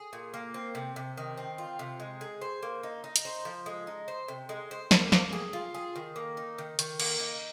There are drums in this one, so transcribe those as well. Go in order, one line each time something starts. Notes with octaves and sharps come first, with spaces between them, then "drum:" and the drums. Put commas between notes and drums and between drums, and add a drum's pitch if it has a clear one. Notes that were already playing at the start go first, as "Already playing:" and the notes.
Already playing: G#4
A#2
A#3
C4
C3
C3
D#3
C4
F4
C3
G#3
G#4
C5
A#3
D#4
D#4
drum: hi-hat
C5
F3
G#3
D#4
C5
C3
G#3
C5
A#3, drum: snare
A#3, drum: snare
G#4
F4
G#4
D#3
A#3
D#4
D#3
D#3, drum: hi-hat
A#3, drum: cymbal
D#4